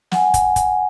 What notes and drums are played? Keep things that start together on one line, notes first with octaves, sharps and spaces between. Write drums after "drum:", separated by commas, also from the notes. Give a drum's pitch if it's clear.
F#5 G#5, drum: snare
drum: kick, hi-hat
drum: kick, hi-hat